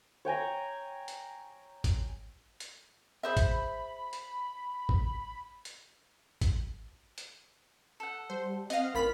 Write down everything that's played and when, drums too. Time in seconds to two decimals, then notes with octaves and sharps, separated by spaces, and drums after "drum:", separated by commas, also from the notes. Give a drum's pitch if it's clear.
0.25 C#5 G5 G#5 A#5
1.08 drum: hi-hat
1.84 drum: kick G#1, hi-hat
2.60 drum: hi-hat
3.23 G#4 C5 E5 B5
3.37 drum: kick G#1, hi-hat
4.13 drum: hi-hat
4.89 drum: kick G#1
5.65 drum: hi-hat
6.41 drum: kick G#1, hi-hat
7.18 drum: hi-hat
8.00 A4 F#5
8.30 G3 C5
8.70 C4 D#5 F5 F#5, drum: hi-hat
8.95 A1 F4 A#4 B5 B6